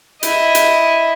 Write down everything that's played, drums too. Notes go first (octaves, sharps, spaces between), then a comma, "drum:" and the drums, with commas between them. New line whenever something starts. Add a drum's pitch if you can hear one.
E4 D#5, drum: hi-hat
drum: hi-hat